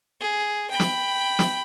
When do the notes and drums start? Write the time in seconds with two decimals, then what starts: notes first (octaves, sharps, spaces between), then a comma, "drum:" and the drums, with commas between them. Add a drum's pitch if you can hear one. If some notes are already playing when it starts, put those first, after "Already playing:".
0.20 G#4
0.70 G5 B5
0.80 drum: snare
1.39 drum: snare